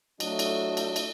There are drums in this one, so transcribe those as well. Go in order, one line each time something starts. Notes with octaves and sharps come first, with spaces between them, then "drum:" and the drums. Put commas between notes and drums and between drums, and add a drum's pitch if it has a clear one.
F#3 A3 D4 D#5, drum: cymbal
drum: cymbal
drum: cymbal
drum: cymbal